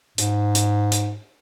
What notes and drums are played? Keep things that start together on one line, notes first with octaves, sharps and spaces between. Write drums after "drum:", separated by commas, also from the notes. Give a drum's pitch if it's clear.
G#2, drum: hi-hat
drum: hi-hat
drum: hi-hat